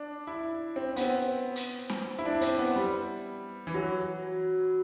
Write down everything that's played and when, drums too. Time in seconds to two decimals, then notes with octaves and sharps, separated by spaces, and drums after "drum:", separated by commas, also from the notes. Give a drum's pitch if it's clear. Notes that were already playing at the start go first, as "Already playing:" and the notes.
Already playing: D4
0.27 E4
0.76 C4
0.96 B3, drum: hi-hat
1.01 C4
1.56 drum: hi-hat
1.90 drum: snare
2.19 E4
2.25 D4
2.41 C4, drum: hi-hat
2.58 B3
2.75 G3
3.67 E3
3.74 F#3